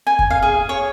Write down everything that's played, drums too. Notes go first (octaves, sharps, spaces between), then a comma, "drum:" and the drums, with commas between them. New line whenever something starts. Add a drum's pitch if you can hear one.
G#5
drum: kick
F5
G#4
C#5